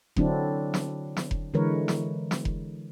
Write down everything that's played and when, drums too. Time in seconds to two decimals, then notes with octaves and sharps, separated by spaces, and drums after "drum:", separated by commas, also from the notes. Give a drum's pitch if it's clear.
0.16 D3 F#3 C4 D4 E4, drum: kick F1
0.74 drum: snare
1.17 drum: snare
1.31 drum: kick F1
1.54 D3 E3 G#3 A#4 B4 C#5
1.88 drum: snare
2.31 drum: snare
2.45 drum: kick F1